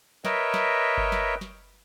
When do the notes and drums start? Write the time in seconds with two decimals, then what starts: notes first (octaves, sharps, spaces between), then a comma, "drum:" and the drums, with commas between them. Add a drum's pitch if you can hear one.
0.25 A#4 B4 C#5 D#5 E5 G5, drum: snare
0.54 drum: snare
0.98 drum: kick G1
1.12 drum: snare
1.41 drum: snare